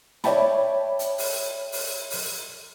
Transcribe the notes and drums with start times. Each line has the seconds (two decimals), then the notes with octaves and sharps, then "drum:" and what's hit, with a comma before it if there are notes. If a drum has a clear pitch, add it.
0.24 C#5 D5 E5 G5 A5 B5, drum: snare
0.99 drum: hi-hat
1.18 drum: open hi-hat
1.72 drum: open hi-hat
2.10 drum: open hi-hat